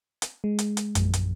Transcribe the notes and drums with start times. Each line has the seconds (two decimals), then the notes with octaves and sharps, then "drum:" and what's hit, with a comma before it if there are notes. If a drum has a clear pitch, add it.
0.22 drum: hi-hat
0.44 G#3
0.59 drum: hi-hat
0.77 drum: hi-hat
0.95 A#1 F#2, drum: hi-hat
1.14 drum: hi-hat